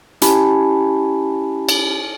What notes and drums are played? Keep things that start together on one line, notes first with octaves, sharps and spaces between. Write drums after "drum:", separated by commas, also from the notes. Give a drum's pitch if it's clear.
C#4 E4 G4 G#5 A5 B5, drum: hi-hat
drum: cymbal